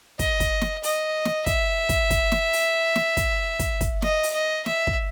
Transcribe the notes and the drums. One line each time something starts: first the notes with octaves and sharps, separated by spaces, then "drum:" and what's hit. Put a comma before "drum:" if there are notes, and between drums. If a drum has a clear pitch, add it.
D#5, drum: kick, hi-hat
drum: kick, hi-hat
drum: snare
D#5, drum: open hi-hat
drum: snare
E5, drum: kick, hi-hat
drum: kick, hi-hat
drum: kick, hi-hat
drum: snare
drum: open hi-hat
drum: snare
drum: kick, hi-hat
drum: kick, hi-hat
drum: kick, hi-hat
D#5, drum: snare
drum: open hi-hat
D#5
E5, drum: snare
drum: kick